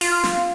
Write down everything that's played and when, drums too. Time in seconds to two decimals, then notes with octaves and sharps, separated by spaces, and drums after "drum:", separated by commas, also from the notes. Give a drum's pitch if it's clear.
0.01 F4, drum: open hi-hat
0.23 drum: snare